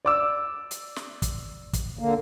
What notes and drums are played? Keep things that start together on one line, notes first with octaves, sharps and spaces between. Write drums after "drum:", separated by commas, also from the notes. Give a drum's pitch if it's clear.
D5 D6 E6
drum: hi-hat
drum: snare
drum: kick, hi-hat
drum: kick, hi-hat
D3 A#3